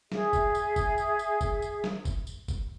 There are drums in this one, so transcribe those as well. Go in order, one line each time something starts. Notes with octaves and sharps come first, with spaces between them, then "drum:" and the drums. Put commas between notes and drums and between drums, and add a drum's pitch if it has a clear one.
G#4 E5, drum: snare
drum: kick G1, tambourine
drum: tambourine
drum: kick G1, tambourine
drum: tambourine
drum: tambourine
drum: kick G1, tambourine
drum: tambourine
drum: snare
drum: kick G1, tambourine
drum: tambourine
drum: kick G1, tambourine